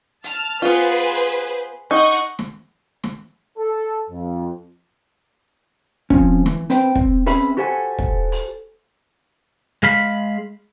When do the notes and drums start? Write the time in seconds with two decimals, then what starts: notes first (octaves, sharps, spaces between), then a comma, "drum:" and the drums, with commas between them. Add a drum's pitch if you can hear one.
0.24 A5 F6, drum: hi-hat
0.62 B3 F4 G#4 B4 C5
1.91 D#4 D#5 F#5 C#6
2.11 drum: open hi-hat
2.39 drum: snare
3.04 drum: snare
3.58 A4
4.10 F2
6.10 F3 C4 C#4, drum: kick
6.46 E3, drum: snare
6.70 C4 B4 C5 G5, drum: hi-hat
6.95 C4, drum: kick
7.26 C4 C#4 G#4 B4 E5 B5, drum: open hi-hat
7.57 F#4 G4 A4 C5 F#5 G#5
7.98 drum: kick
8.32 drum: open hi-hat
9.83 G#3 F5 B5